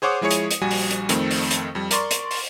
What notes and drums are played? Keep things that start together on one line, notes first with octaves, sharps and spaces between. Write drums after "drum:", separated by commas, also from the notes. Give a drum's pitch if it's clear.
G#4 C5 C#5 F#5 D6 D#6
F3 G#3 E4 G#4 C#5 C#7
drum: hi-hat
drum: hi-hat
A#1 G3 F#4 G#5
drum: open hi-hat
drum: hi-hat
F2 D#3 A3 C4, drum: hi-hat
drum: open hi-hat
drum: hi-hat
F2 G3
A#4 D5 C6 C#6, drum: hi-hat
drum: hi-hat
drum: open hi-hat